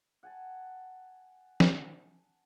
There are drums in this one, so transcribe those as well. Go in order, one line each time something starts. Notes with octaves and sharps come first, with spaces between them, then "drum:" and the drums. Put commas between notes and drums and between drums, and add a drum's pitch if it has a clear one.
F#5 G#5 A5
drum: snare